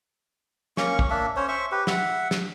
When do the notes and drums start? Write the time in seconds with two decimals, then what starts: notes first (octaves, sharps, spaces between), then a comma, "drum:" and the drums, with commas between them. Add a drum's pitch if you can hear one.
0.77 A#3 C#4 C#6, drum: snare
0.99 drum: kick
1.10 A#3 D4 E5
1.36 C#4 C5 C#5
1.48 C5 E5 C#6
1.72 G4 B4
1.87 E5 F#5, drum: snare
2.31 drum: snare